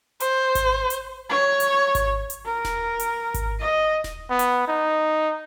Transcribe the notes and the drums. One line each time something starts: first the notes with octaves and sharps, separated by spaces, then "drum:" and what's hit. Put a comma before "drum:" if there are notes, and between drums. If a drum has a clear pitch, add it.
C5, drum: hi-hat
drum: kick G#1, hi-hat
drum: hi-hat
C#5
drum: hi-hat
drum: kick G#1, hi-hat
drum: hi-hat
A#4
drum: snare D#1
drum: hi-hat
drum: kick G#1, hi-hat
D#5
drum: snare D#1
B3
drum: hi-hat
D#4